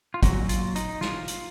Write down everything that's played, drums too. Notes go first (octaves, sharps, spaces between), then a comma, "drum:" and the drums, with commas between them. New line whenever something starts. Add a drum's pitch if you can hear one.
F4
A#2 F#3 F#4, drum: kick, hi-hat
F4, drum: hi-hat
D#4, drum: hi-hat
F4, drum: snare
drum: hi-hat